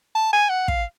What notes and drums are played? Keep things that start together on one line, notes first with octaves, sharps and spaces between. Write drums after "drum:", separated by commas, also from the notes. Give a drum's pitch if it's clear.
A5
G#5
F#5
F5, drum: kick